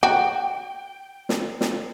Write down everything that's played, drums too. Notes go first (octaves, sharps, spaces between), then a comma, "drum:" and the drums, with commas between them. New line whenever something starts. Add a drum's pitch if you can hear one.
F#4 G5
drum: snare
drum: snare